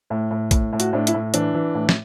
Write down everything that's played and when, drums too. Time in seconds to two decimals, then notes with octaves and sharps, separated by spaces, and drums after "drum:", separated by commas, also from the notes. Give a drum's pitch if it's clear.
0.10 A2
0.30 A2
0.51 A2, drum: kick A#1, hi-hat
0.72 A2
0.80 F#4, drum: hi-hat
0.93 A2 D4
1.07 E4, drum: hi-hat
1.14 A2
1.34 E3 D4, drum: hi-hat
1.54 E3
1.74 A2
1.89 drum: snare